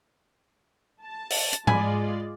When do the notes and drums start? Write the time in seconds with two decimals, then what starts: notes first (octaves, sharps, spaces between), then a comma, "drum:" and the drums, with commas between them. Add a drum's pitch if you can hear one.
1.02 A5
1.30 drum: open hi-hat
1.53 drum: hi-hat
1.67 G#3 F4 D5 G#5 B5, drum: tom G#2